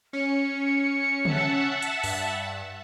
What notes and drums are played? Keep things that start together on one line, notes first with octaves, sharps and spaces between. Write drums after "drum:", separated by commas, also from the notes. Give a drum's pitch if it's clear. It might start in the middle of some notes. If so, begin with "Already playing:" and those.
C#4 C#7
E5 F#5 A5, drum: tom
drum: hi-hat
G2, drum: open hi-hat